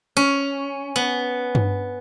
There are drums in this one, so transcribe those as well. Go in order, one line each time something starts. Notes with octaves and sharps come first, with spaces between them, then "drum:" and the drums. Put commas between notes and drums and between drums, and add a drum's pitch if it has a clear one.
C#4
B3
drum: tom G2